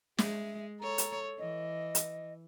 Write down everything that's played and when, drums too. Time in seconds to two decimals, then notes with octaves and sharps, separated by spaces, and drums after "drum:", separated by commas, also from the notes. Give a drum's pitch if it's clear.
0.18 G#3 E5, drum: snare
0.80 A4 C#5 A#5
0.98 drum: hi-hat
1.39 E3 D#5
1.95 drum: hi-hat